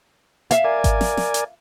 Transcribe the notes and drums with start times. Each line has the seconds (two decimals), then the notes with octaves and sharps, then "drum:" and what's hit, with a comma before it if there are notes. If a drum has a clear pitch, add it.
0.51 E5 F5, drum: hi-hat
0.64 A#4 D5 G#5
0.84 drum: kick G#1, hi-hat
1.01 drum: snare
1.17 drum: snare
1.34 drum: hi-hat